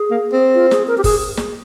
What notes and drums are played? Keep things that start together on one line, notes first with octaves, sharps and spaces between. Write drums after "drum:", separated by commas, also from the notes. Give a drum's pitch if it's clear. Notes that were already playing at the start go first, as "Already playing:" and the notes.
Already playing: G#4
A#3
C4
F4
G#4, drum: snare
A#4
G4
G#4, drum: kick F#1, open hi-hat
drum: snare